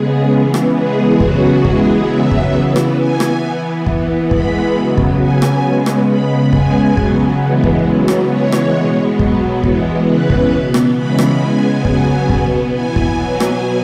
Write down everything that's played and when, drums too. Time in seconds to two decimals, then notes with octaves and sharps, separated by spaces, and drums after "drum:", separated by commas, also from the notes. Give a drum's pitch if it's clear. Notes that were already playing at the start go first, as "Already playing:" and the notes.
Already playing: C#3 G#3 B3 G#4
0.32 C#3 E3 B3
0.54 drum: rim click
0.76 E3 G#3 B3 G#4
1.20 C#3 F#3 B3 F#4, drum: kick
1.65 E3 G#3 B3 G#4, drum: kick
2.09 C#3 F#3 B3 E5
2.31 drum: kick
2.53 C#3 E3 B3
2.76 drum: rim click
2.98 E3 B3 G#5
3.20 drum: rim click
3.42 E3 B3
3.86 E3 B3, drum: kick
4.31 E3 G#3 B3 B5, drum: kick
4.75 C#3 F#3 B3
4.98 drum: kick
5.19 C#3 F#3 B3 G#5
5.42 drum: rim click
5.64 C#3 G#3 B3
5.86 drum: rim click
6.08 C#3 G#3 B3 B5
6.53 C#3 G#3 B3 G#5, drum: kick
6.97 C#3 F#3 B3, drum: kick
7.41 E3 G#3 B3
7.64 drum: kick
7.86 C#3 F#3 B3
8.08 drum: rim click
8.30 E3 G#3 B3 C#5
8.52 drum: rim click
8.74 B2 G#3 B3
9.19 B2 F#3 B3, drum: kick
9.64 E3 G#3 B3, drum: kick
10.08 C#3 E3 B3 B4
10.30 drum: kick
10.52 B2 B3
10.74 drum: rim click
10.96 C#3 E3 G#3 B3 B5
11.19 drum: rim click
11.41 C#3 G#3 B3 G#5
11.85 C#3 F#3 B3 G#5, drum: kick
12.29 B2 B3, drum: kick
12.74 E3 B3 G#5
12.96 drum: kick
13.18 B2 F#3 B3 G#5
13.40 drum: rim click